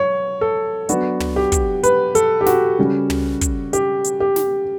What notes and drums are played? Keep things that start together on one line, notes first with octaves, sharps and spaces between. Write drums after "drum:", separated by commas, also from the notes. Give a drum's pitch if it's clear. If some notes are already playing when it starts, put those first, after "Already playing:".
Already playing: F#3 C#5
A4
F#3 B3 D4 F#4, drum: hi-hat
drum: tom
G4
drum: kick, hi-hat
B4, drum: hi-hat
A4, drum: hi-hat
G4
F#4, drum: snare
C#3 G3 C#4
drum: tom
drum: kick, hi-hat
G4, drum: hi-hat
drum: hi-hat
G4
drum: snare